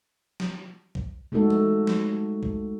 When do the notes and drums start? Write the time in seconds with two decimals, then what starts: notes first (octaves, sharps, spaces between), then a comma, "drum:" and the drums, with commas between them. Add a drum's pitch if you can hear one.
0.40 drum: snare
0.95 drum: kick
1.32 G#3 A3 D#4 F#4 A4
1.50 drum: tom
1.87 drum: snare
2.43 drum: kick